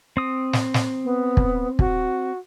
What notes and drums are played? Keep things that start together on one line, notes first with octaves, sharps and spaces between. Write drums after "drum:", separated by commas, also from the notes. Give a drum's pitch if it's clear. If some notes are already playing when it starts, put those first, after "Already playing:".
C4 D#6
drum: snare
drum: snare
B3
drum: kick
F#4, drum: kick